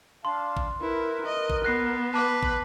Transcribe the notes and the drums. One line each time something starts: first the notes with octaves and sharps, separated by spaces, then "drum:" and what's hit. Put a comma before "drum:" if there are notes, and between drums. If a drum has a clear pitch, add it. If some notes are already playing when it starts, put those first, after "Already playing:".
D4 F5 A5 C6
drum: kick
E4 A#4 B4
D#5
drum: kick
B3 F#6 A#6 C7
B4 A5 D6
drum: kick